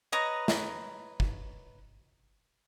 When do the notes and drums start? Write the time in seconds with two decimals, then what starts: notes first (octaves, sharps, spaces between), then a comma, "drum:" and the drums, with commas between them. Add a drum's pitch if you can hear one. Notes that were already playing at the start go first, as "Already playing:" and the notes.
0.12 B4 C#5 D#5 A#5
0.48 drum: snare
1.20 drum: kick